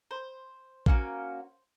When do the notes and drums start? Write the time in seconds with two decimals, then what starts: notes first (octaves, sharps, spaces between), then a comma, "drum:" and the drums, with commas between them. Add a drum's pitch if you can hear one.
0.11 C5
0.86 A#3 C#4 F#4, drum: kick